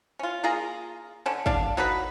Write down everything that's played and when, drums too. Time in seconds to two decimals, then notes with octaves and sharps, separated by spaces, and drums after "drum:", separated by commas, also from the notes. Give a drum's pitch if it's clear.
0.19 C#4 F4
0.44 A#3 F4 G#4 A#5
1.26 D3 C#4
1.46 D4 D5 F5, drum: kick
1.77 F#3 D#4 A4 B4